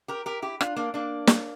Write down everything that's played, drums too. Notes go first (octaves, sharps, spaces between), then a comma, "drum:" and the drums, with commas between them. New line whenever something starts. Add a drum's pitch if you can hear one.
G4 A#4
G4 A#4
E4 G4
D4 F4, drum: rim click
A#3 D4
A#3 D4
drum: snare